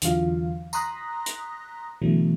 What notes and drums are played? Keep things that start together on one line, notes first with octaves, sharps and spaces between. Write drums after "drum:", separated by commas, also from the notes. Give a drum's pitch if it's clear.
E2 D3 E3 F#3 F4 F5, drum: hi-hat
A#5 C6 D#6 F#6 A#6 B6, drum: tambourine
drum: hi-hat
B2 D3 E3 F#3 A3 B3